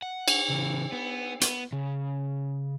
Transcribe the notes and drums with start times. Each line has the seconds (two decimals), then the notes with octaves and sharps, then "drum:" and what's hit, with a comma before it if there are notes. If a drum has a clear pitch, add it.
0.02 F#5
0.28 drum: cymbal
0.50 C#3 E3
0.92 B3
1.41 B3, drum: hi-hat
1.73 C#3